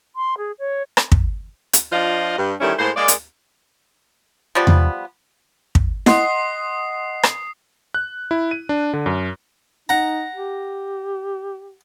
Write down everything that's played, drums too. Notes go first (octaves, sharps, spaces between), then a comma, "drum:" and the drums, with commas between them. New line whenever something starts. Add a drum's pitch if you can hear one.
C6
G#4
C#5
drum: rim click
drum: kick
drum: hi-hat
F3 D4 F4 D#5 F5
G2
D#3 E3 G3 A3 C#4 E4
A2 G#3 A#3 C5
G#3 A#3 D5
drum: hi-hat
F3 G3 B3
drum: tom E2
drum: kick
D#5 F#5 C6 D#6 C7, drum: snare E4
drum: rim click
F#6
E4
D#7
D4
D3
F#2
D#4 F#5 A#5
G4